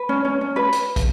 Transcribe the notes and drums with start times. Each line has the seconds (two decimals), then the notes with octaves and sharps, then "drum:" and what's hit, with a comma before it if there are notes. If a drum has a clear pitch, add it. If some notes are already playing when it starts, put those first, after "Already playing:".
Already playing: B4
0.09 C#4
0.25 C#4
0.41 C#4
0.56 B4
0.72 drum: hi-hat
0.96 drum: kick, hi-hat